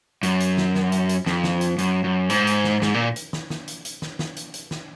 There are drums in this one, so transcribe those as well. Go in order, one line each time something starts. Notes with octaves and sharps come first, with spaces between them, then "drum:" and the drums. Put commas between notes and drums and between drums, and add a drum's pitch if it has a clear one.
F#2, drum: hi-hat
drum: hi-hat
drum: snare
drum: snare
drum: hi-hat
drum: hi-hat
F2, drum: snare
drum: snare
drum: hi-hat
F#2, drum: hi-hat
F#2
G#2, drum: hi-hat
drum: hi-hat
drum: snare
G#2, drum: snare
A#2
drum: hi-hat
drum: snare
drum: snare
drum: hi-hat
drum: hi-hat
drum: snare
drum: snare
drum: hi-hat
drum: hi-hat
drum: snare